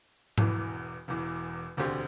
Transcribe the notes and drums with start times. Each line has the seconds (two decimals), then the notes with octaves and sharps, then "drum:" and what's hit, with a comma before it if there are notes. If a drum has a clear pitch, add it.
0.38 E1 E2 E3, drum: tom G#2
1.08 E1 E2 E3
1.77 E1 D2 D3 C4 G4